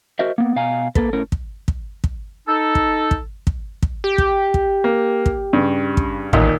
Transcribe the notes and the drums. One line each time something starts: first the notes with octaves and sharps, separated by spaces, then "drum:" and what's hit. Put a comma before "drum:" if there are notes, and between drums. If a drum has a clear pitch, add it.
F#4 A#4 C5 D#5 E5
A#3 B3
B2 F5 G#5 A#5
A#3 A4 B4, drum: kick
A2 C#4 A#4
drum: kick
drum: kick
drum: kick
D#4 A4
drum: kick
drum: kick
drum: kick
drum: kick
G4
drum: kick
drum: kick
A#3
drum: kick
G2 C#3
drum: kick
A1 D#2 A#2, drum: kick